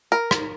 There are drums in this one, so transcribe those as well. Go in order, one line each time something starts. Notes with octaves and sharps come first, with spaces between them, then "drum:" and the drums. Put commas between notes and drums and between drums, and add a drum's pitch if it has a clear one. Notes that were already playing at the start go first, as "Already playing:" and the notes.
A#4
drum: rim click